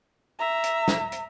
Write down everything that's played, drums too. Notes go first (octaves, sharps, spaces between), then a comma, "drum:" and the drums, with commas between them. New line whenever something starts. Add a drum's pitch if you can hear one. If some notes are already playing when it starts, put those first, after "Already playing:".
E5 A#5
drum: hi-hat
drum: snare
drum: hi-hat